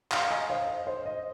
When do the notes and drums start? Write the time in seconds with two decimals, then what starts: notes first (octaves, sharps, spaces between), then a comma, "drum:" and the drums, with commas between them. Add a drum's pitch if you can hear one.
0.12 F5 A#5, drum: clap
0.31 D#5 G#5
0.49 C5 F5
0.68 D#5
0.87 C5
1.06 D#5